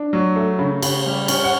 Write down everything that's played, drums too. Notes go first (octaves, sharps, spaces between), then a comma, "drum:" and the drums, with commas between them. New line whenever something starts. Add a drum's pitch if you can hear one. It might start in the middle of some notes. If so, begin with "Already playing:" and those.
Already playing: D4
F#3
A3
C#3
C#3, drum: cymbal
G3
C#4, drum: cymbal
F#5